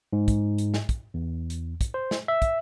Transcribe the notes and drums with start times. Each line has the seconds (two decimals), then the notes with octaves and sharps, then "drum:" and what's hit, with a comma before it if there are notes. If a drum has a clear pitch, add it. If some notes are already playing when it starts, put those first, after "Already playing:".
0.13 G#2
0.28 drum: kick, hi-hat
0.58 drum: hi-hat
0.74 drum: snare
0.89 drum: kick, hi-hat
1.14 E2
1.50 drum: hi-hat
1.81 drum: kick, hi-hat
1.94 C5
2.11 drum: snare
2.28 E5
2.42 drum: kick, hi-hat